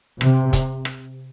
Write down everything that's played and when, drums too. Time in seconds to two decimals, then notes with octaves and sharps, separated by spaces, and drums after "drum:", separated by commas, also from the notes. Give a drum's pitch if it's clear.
0.21 C3, drum: rim click
0.53 drum: kick, hi-hat
0.85 drum: rim click